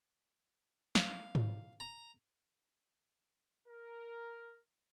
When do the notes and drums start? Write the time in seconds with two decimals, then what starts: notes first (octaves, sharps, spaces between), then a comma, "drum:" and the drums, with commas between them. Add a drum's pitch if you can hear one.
0.95 F5, drum: snare
1.35 drum: tom G#2
1.80 A#5
3.68 A#4